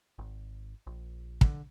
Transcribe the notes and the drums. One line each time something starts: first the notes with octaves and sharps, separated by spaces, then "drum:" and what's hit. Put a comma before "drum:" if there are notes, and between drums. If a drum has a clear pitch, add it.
G#1
A#1
D3, drum: kick